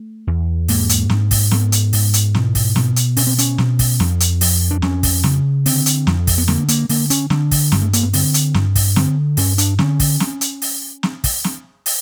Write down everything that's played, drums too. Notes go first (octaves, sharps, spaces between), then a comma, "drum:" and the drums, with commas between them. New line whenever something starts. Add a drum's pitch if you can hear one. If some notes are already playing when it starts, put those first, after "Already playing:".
Already playing: A3
E2
G#2 A#3, drum: open hi-hat
drum: hi-hat
G#2, drum: snare
drum: kick, open hi-hat
G#2 B3, drum: snare
drum: hi-hat
G#2, drum: open hi-hat
drum: hi-hat
B2, drum: snare
drum: kick, open hi-hat
B2, drum: snare
drum: hi-hat
B2 C#4, drum: open hi-hat
C4
C#4, drum: hi-hat
B2, drum: snare
drum: kick, open hi-hat
F2, drum: snare
drum: hi-hat
F2, drum: open hi-hat
D4
F2 C#4, drum: snare
drum: kick, open hi-hat
C#3, drum: snare
D3 C4, drum: open hi-hat
drum: hi-hat
F2, drum: snare
drum: kick, open hi-hat
B3
D3 A#3, drum: snare
A#3, drum: hi-hat
D3 A#3, drum: open hi-hat
C#4, drum: hi-hat
D3 D4, drum: snare
drum: kick, open hi-hat
G2, drum: snare
A3
A#3, drum: hi-hat
B3
D3 C4, drum: open hi-hat
drum: hi-hat
G2, drum: snare
drum: kick, open hi-hat
D3 C4, drum: snare
G2 C#4, drum: open hi-hat
D4, drum: hi-hat
D3 C#4, drum: snare
drum: kick, open hi-hat
drum: snare
drum: hi-hat
drum: open hi-hat
drum: snare
drum: kick, open hi-hat
drum: snare
drum: open hi-hat